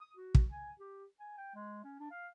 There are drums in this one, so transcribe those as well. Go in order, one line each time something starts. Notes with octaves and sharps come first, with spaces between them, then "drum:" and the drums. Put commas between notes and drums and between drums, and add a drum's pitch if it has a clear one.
D#6
F#4
drum: kick
G#5
G4
G#5
G5
G#3
C#4
D4
F5